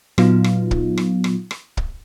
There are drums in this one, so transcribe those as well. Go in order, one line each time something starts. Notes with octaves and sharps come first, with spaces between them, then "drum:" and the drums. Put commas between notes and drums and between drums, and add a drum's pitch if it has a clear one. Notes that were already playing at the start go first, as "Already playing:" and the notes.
A#2 F#3 B3 D#4 F4, drum: rim click
drum: rim click
drum: kick
drum: rim click
drum: rim click
drum: rim click
drum: kick